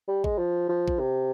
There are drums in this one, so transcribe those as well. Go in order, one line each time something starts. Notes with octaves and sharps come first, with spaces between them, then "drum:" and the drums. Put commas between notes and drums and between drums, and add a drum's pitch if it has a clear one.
G3
G#3, drum: kick A1
F3
F3
drum: kick A1
C3